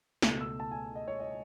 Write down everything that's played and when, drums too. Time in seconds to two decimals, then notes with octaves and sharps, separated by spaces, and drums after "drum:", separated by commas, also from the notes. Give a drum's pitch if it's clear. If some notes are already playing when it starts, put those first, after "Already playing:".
0.22 C#2 B2 A3, drum: snare
0.41 E6
0.60 A5
0.71 G#5
0.95 D#5
1.08 C#5
1.20 D#5